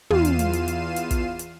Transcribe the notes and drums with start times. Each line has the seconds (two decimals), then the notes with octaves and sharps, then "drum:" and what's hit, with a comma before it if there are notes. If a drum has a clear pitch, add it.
0.10 E2 F4 F5 C7 D#7 E7, drum: tom
0.25 drum: hi-hat
0.39 drum: hi-hat
0.53 drum: hi-hat
0.68 drum: hi-hat
0.96 drum: hi-hat
1.11 drum: kick, hi-hat
1.39 drum: hi-hat